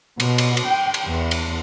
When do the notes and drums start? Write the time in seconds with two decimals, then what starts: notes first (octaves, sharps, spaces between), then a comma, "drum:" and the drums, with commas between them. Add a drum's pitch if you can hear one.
0.20 B2, drum: cymbal
0.38 drum: cymbal
0.57 drum: cymbal
0.68 G5
0.94 drum: cymbal
1.07 E2
1.31 drum: cymbal